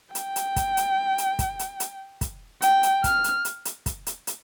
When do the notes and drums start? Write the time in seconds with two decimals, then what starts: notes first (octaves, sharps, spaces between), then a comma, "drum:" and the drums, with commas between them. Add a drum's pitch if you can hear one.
0.15 G5, drum: hi-hat
0.36 drum: hi-hat
0.56 drum: kick, hi-hat
0.77 drum: hi-hat
1.18 drum: hi-hat
1.39 drum: kick, hi-hat
1.59 drum: hi-hat
1.80 drum: hi-hat
2.21 drum: kick, hi-hat
2.62 G5, drum: hi-hat
2.83 drum: hi-hat
3.04 F6, drum: kick, hi-hat
3.24 drum: hi-hat
3.45 drum: hi-hat
3.65 drum: hi-hat
3.86 drum: kick, hi-hat
4.07 drum: hi-hat
4.27 drum: hi-hat